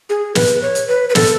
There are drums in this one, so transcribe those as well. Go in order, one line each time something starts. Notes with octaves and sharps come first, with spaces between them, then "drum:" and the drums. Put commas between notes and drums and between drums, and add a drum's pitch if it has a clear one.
G#4
B4, drum: snare
C#5
drum: hi-hat
B4
B4
A4, drum: snare